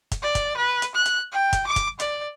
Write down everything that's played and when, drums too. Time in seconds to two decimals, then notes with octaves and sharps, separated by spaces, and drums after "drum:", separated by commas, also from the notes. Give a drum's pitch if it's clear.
0.12 drum: kick, hi-hat
0.22 D5
0.35 drum: kick, hi-hat
0.57 B4
0.82 drum: hi-hat
0.95 F#6
1.06 drum: hi-hat
1.32 G5
1.53 drum: kick, hi-hat
1.67 D6
1.76 drum: kick, hi-hat
2.00 D5, drum: hi-hat